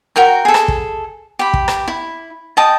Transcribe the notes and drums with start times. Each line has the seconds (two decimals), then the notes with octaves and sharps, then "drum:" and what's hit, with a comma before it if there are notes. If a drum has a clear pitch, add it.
0.16 F#4 A#4 G5 A#5
0.45 G#4 A4
0.54 drum: rim click
0.68 drum: kick
1.39 G4 B5
1.54 drum: kick
1.68 drum: rim click
1.88 E4
2.57 D#5 G5 A5 D#6